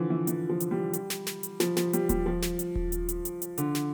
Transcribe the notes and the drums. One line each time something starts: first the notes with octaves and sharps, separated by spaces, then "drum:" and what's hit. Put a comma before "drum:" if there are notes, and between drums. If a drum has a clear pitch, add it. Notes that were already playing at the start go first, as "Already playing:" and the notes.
Already playing: D3 E3 F3
E3
E3, drum: hi-hat
F3
drum: hi-hat
G3
drum: hi-hat
drum: snare
drum: snare
drum: hi-hat
F3, drum: snare
F3, drum: snare
G3, drum: hi-hat
G3, drum: kick D#1, hi-hat
F3
drum: snare
drum: hi-hat
drum: kick D#1
drum: hi-hat
drum: hi-hat
drum: hi-hat
drum: hi-hat
D3, drum: hi-hat
drum: snare